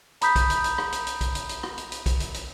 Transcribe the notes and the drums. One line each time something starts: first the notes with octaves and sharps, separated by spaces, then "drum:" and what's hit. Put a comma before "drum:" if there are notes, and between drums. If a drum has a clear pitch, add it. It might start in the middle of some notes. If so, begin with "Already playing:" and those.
A#5 B5 D#6 G6 B6, drum: hi-hat
drum: kick, hi-hat
drum: hi-hat
drum: hi-hat
drum: rim click
drum: hi-hat
drum: hi-hat
drum: kick, hi-hat
drum: hi-hat
drum: hi-hat
drum: rim click
drum: hi-hat
drum: hi-hat
drum: kick, hi-hat
drum: hi-hat
drum: hi-hat